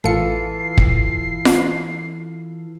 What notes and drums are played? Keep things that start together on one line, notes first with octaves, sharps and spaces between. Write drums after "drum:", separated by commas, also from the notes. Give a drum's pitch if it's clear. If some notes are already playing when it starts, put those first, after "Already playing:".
A1 E3 F4 A4 C7 C#7
drum: kick
drum: snare F4